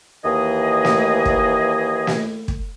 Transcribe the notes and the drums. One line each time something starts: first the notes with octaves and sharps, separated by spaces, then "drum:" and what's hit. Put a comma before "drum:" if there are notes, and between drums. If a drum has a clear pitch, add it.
D#2 E3 G#4 D#5
drum: snare
drum: kick
drum: snare
drum: kick